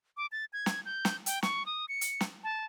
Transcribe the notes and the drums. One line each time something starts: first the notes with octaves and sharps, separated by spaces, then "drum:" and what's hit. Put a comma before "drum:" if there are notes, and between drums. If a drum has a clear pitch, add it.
D6
A6
G#6
drum: snare
G6
drum: snare
G5, drum: hi-hat
C#6, drum: snare
D#6
C#7
drum: hi-hat
drum: snare
A5